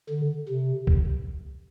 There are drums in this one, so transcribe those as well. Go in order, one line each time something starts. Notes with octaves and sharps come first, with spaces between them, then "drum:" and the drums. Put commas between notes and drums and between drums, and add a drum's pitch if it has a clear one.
D3
C3
drum: kick B1